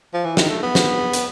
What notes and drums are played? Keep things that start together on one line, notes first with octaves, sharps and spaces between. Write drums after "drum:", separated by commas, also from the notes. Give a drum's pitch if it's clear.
F3
E3
D#3, drum: snare
A3
B3
drum: snare
drum: hi-hat